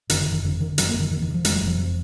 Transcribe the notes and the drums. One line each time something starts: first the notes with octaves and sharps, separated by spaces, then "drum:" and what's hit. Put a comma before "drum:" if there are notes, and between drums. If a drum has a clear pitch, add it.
F#1 D#3, drum: hi-hat
D3
F#1
D#3
F2 D3
D3 D#3
F#1 F#3, drum: hi-hat
A#3
F#1
D#3
F2 D#3
D#3
D3
F3
F1 G#3, drum: hi-hat
F#3
F1
F3
F2 F3